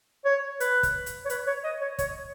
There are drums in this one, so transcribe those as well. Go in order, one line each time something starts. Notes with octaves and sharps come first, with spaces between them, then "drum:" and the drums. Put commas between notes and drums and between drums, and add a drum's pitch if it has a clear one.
C#5
B4, drum: hi-hat
drum: kick, hi-hat
drum: hi-hat
C#5
B4, drum: hi-hat
C#5
D#5
C#5
C#5, drum: kick, hi-hat